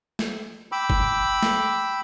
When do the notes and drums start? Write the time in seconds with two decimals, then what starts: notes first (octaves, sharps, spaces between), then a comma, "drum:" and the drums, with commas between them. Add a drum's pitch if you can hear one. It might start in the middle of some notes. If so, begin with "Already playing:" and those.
0.19 drum: snare
0.72 G5 B5 D6 E6
0.90 drum: kick
1.43 drum: snare